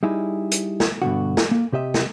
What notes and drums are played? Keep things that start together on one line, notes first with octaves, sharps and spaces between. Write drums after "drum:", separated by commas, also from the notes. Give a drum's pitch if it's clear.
G3 D#4 E4 G#4
drum: hi-hat
drum: snare
G2 B2 D3 F#4
drum: snare
A#3
C3 G4 D#5 E5
drum: snare